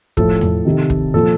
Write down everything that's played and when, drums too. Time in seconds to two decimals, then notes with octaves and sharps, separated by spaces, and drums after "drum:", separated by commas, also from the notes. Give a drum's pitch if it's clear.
0.17 A2 F3 A4, drum: kick
0.41 drum: tom E2
0.65 C3 D#3
0.90 drum: kick
1.14 A#2 F3 A4